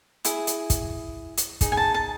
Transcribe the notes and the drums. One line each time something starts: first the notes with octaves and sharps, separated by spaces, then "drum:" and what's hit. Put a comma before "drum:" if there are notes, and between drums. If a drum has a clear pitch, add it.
E4 G#4, drum: hi-hat
drum: hi-hat
drum: kick, hi-hat
drum: hi-hat
D#4 G#4, drum: kick, hi-hat
G#5
A5
A5